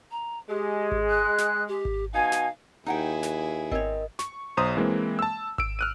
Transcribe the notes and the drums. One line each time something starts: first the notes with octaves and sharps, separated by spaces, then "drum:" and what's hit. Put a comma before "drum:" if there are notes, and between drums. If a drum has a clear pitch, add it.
A#5
G#3 G4
drum: kick G#1
F#6
drum: snare
G4
drum: kick G#1
B2 D#4 F5 G#5
drum: snare
D#2 D#4 E4 G#4 F#5 G5
B4, drum: snare
C4 A#4 C#5 D#5, drum: kick G#1
C#6, drum: snare
B1 C5 A#5 D#6
E3 G#3 A#3 C4
A5 E6
E6 D7, drum: kick G#1
F6 F#6 D#7